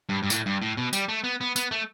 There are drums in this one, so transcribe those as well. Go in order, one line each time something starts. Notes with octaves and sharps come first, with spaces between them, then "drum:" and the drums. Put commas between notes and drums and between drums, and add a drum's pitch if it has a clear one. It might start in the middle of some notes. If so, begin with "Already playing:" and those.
G2
G2
A2, drum: tambourine
G2
A2
B2
G3, drum: tambourine
A3
B3
B3
B3, drum: tambourine
A3